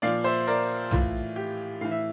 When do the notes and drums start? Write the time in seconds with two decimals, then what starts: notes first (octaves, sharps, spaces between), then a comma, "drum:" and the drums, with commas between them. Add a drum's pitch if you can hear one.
0.02 A#2 F3 D5 F5
0.24 C5 E5
0.47 A#4 D5
0.91 A2 E3 F4, drum: tom
1.36 G4
1.81 A2 E3 F5
1.91 E5